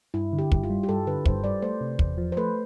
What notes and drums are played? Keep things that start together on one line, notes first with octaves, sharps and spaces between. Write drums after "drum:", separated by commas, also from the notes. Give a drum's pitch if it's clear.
G2 E4
D3
G4
G2, drum: kick
F4
G3
G4
G2 A4
D3 B4
G2 C5, drum: kick
G3 D5
A3 C5
C3
E2, drum: kick
F3
C5
A3 B4